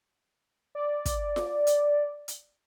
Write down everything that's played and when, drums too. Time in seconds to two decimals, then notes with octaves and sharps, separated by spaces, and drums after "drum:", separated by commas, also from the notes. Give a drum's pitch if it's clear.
0.75 D5
1.06 drum: kick, hi-hat
1.36 drum: snare F4
1.67 drum: hi-hat
2.28 drum: hi-hat